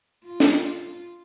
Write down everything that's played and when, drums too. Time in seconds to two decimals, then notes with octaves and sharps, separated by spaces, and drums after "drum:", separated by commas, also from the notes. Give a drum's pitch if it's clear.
0.24 F4
0.40 drum: snare